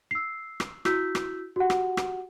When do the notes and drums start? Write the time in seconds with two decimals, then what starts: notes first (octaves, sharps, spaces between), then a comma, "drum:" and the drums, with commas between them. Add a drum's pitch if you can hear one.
0.11 E6 C7
0.60 drum: rim click
0.85 E4 F#4 E6 G6 B6, drum: rim click
1.15 drum: rim click
1.56 F#4 G4 F#5
1.70 drum: rim click
1.97 drum: rim click